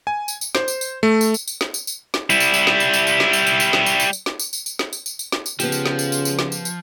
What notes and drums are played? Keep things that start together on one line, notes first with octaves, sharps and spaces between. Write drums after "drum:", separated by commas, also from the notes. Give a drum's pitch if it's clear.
G#5
drum: tambourine
drum: tambourine
C5, drum: snare
drum: tambourine
drum: tambourine
A3
drum: tambourine
drum: tambourine
drum: tambourine
drum: snare
drum: tambourine
drum: tambourine
drum: snare
G3 E4, drum: tambourine
drum: tambourine
drum: tambourine
drum: snare
drum: tambourine
drum: tambourine
drum: tambourine
drum: snare
drum: tambourine
drum: tambourine
drum: tambourine
drum: snare
drum: tambourine
drum: tambourine
drum: tambourine
drum: snare
drum: tambourine
drum: tambourine
drum: tambourine
drum: snare
drum: tambourine
drum: tambourine
drum: tambourine
drum: snare
drum: tambourine
C#3 F3 B3 G4, drum: tambourine
drum: tambourine
drum: snare
drum: tambourine
drum: tambourine
drum: tambourine
drum: snare
drum: tambourine
drum: tambourine